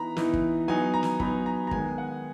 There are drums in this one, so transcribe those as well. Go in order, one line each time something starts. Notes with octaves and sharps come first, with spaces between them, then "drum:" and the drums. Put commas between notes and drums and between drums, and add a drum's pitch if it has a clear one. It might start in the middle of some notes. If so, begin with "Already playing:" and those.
Already playing: E3 B3 D#4 A#5 B5
E3 B3 D#4, drum: snare
drum: kick
F#3 B3 D#4 G#5
A#5
drum: snare
F#3 B3 D#4 B5, drum: kick
A#5
A#5
D#3 G#3 B3 D#4 G#5, drum: kick
F#5